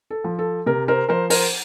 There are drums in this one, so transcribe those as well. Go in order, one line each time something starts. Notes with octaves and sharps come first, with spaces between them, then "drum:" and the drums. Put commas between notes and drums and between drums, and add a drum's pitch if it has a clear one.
A4
F3
A4
C3 A#4
A#4 C5
F3 A#4 C5
A#4 C5, drum: open hi-hat